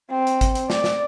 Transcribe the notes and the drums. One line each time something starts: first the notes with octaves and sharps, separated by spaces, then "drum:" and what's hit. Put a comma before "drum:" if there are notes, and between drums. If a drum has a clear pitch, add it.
C4
drum: hi-hat
drum: kick G#1, hi-hat
drum: hi-hat
D5, drum: snare
drum: snare